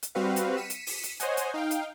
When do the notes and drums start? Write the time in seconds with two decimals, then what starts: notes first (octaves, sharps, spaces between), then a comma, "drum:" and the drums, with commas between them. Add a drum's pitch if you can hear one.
0.03 drum: hi-hat
0.15 G3 C4 F#4 B4 F5
0.36 drum: hi-hat
0.57 B6 C#7 D#7 E7
0.70 drum: hi-hat
0.87 drum: open hi-hat
1.03 drum: hi-hat
1.20 C5 C#5 D#5 F#5 G#5, drum: hi-hat
1.37 drum: hi-hat
1.54 D#4 F5 G5
1.71 drum: hi-hat